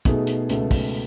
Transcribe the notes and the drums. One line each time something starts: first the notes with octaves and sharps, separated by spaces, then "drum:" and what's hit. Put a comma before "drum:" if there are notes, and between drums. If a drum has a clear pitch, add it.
B2 A3 D#4 G#4, drum: kick, hi-hat
drum: hi-hat
C#2 B2 A3, drum: hi-hat
drum: kick, open hi-hat